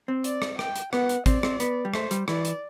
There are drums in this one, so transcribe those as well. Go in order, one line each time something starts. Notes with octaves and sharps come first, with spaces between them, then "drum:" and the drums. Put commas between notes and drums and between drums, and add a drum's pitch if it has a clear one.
C4
D5, drum: hi-hat
drum: rim click
G5, drum: rim click
drum: hi-hat
B3 F#5, drum: rim click
drum: hi-hat
C4 D5, drum: kick G#1, hi-hat
C4, drum: rim click
B3, drum: hi-hat
G3
A3 C5, drum: rim click
G3, drum: hi-hat
E3 D5, drum: rim click
drum: hi-hat